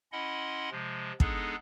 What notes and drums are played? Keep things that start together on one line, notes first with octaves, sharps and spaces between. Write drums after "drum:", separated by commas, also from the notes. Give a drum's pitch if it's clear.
C#4 E4 D#5 F#5 B5 C6
C3 F3 G#3
G#3 B3 D4 D#4 G#4 A4, drum: kick